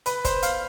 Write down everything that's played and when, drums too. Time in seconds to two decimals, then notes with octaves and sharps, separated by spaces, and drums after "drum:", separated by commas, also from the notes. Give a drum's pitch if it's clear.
0.06 B4, drum: hi-hat
0.25 C5, drum: kick, hi-hat
0.43 F5, drum: hi-hat